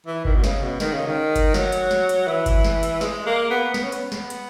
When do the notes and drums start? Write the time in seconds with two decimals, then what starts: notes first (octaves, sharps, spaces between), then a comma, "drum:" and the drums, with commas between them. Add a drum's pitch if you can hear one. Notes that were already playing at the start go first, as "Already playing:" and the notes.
0.06 E3
0.25 D#3, drum: kick G1
0.35 B2
0.44 C#3, drum: snare
0.62 B2
0.80 D#3, drum: snare
0.93 C#3
1.06 D#3
1.36 drum: kick G1, hi-hat
1.54 F#3, drum: snare
1.72 drum: hi-hat
1.91 drum: snare
2.09 drum: hi-hat
2.27 E3
2.46 drum: kick G1, hi-hat
2.64 drum: snare
2.83 drum: hi-hat
3.01 G#3, drum: snare
3.26 A#3
3.50 B3
3.74 B3, drum: snare
3.83 C#4
3.92 B3, drum: hi-hat
4.12 drum: snare
4.30 drum: hi-hat